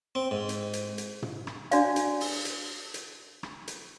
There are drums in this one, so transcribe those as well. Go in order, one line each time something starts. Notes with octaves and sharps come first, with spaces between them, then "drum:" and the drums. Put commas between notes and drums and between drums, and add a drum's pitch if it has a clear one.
C4
G#2
drum: hi-hat
drum: hi-hat
drum: hi-hat
drum: tom
drum: rim click
D4 F#4 D5 F5, drum: hi-hat
drum: hi-hat
drum: open hi-hat
drum: hi-hat
drum: hi-hat
drum: rim click
drum: hi-hat